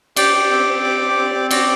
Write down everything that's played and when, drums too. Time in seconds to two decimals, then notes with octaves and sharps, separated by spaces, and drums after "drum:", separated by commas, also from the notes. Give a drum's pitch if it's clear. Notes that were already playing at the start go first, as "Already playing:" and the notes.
0.16 G4 D5 D6, drum: cymbal
0.34 G4
0.51 C4
0.68 C4
0.84 G4
1.01 G4
1.17 C4
1.34 C4
1.51 F#4 D5 D6, drum: cymbal